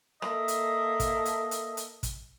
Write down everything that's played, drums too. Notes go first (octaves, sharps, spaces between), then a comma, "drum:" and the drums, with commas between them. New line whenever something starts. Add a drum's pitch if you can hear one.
A#3 A4 D#5 E5, drum: rim click
drum: hi-hat
drum: kick, hi-hat
drum: hi-hat
drum: hi-hat
drum: hi-hat
drum: kick, hi-hat